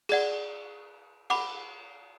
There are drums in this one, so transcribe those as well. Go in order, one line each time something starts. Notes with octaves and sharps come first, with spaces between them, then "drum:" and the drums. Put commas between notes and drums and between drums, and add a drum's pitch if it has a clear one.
G#4 D5 F#5, drum: cymbal
F#5 B5 D6, drum: cymbal